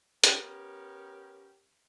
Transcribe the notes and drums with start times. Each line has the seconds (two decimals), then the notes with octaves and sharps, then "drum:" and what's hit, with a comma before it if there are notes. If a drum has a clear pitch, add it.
0.24 B3 C#4 G4 A#4, drum: hi-hat